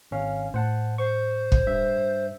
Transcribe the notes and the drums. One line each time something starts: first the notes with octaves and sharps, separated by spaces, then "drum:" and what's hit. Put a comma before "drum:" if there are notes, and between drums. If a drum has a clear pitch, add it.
G#1 C#4 F5
A2 C5 F#5 A5
C5 C#6
drum: kick
G2 E5